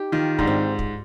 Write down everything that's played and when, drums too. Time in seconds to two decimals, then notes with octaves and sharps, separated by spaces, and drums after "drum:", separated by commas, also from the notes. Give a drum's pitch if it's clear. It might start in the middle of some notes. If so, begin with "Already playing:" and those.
Already playing: D#4 G4
0.12 D#3 F4
0.39 G#2 D4, drum: kick
0.47 C4
0.79 drum: kick